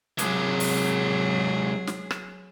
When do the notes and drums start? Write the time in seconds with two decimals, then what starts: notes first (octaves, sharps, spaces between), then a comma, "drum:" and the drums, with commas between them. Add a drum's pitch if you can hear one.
0.18 C3 F#3 G#3 G#4, drum: hi-hat
0.60 drum: open hi-hat
1.87 drum: snare
2.11 drum: rim click